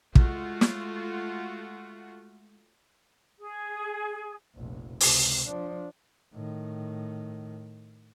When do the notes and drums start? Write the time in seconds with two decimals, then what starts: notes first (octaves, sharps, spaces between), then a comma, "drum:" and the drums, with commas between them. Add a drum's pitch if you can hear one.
0.15 G#3 A3 F4 F#4, drum: kick
0.61 drum: snare
3.38 G#4
4.55 F1 A#1
5.00 C#2 C3, drum: open hi-hat
5.48 F3 D4
6.34 A2 D#3